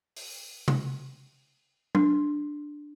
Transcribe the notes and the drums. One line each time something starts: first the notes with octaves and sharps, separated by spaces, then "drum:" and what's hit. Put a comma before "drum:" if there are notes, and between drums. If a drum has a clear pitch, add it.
drum: open hi-hat
drum: tom C3
D4, drum: tom F#3